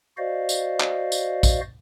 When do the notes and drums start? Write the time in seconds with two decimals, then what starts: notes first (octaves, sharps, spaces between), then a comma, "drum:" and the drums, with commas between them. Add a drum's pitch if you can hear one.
0.17 F#4 C5 D5 D#5 F5
0.49 drum: tambourine
0.80 drum: clap
1.12 drum: tambourine
1.43 drum: kick A#1, tambourine